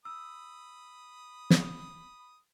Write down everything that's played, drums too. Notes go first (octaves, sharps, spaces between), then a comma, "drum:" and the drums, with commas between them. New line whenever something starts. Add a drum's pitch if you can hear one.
B5 D#6 E6
drum: snare